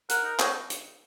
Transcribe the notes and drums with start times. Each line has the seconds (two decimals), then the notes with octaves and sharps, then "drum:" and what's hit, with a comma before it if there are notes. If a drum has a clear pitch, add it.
0.09 A#4 F#5, drum: hi-hat
0.24 D#4
0.40 D#4 C#5, drum: clap
0.70 drum: hi-hat